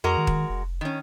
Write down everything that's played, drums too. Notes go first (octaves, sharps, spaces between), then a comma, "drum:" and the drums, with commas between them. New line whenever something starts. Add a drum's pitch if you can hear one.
F2 G#3 F#4 A#4
D#3
drum: kick
F1
D#3 C#4